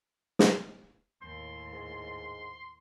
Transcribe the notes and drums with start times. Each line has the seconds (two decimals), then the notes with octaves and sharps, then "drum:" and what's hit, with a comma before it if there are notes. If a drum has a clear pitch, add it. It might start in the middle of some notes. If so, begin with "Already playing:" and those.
0.39 drum: snare
1.22 D#2 A2 C6
1.73 G#2